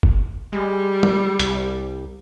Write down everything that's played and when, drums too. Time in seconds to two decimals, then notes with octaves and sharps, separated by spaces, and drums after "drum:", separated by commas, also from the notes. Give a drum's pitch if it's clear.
0.03 drum: kick F1
0.53 G3 G#3
1.03 drum: tom
1.39 C2, drum: hi-hat